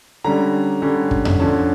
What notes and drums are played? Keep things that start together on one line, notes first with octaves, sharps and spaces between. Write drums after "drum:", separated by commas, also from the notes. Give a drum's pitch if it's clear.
D3 G3 C#4 A#5
D3 G3 C#4
drum: kick
drum: tom F2
D3 F3 C#4 A5